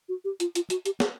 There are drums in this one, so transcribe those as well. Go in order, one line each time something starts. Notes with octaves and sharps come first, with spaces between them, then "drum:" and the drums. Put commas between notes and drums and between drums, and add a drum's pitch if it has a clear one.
F#4
G4
F4, drum: hi-hat
F4, drum: hi-hat
F#4, drum: hi-hat
G4, drum: hi-hat
G#4, drum: snare